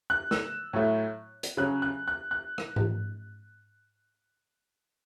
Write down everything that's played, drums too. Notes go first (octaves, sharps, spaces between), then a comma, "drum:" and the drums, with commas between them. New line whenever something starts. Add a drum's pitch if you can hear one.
F#6
E6, drum: snare
A2 F#3 A3 E4
drum: hi-hat
C#3 F#3 C#4 F#6
F#6
F#6
F#6
drum: rim click
drum: tom G#2